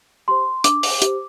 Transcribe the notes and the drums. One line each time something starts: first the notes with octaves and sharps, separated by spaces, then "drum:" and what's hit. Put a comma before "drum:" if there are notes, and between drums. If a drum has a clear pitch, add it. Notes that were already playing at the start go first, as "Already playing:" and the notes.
G4 C5 C6
D4 D6, drum: hi-hat
drum: open hi-hat
G4 C5, drum: hi-hat